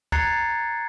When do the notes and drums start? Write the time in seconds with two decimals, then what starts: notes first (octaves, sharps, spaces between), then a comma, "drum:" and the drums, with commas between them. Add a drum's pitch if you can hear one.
0.12 A#5 F#6 G#6 A6 C7 C#7, drum: kick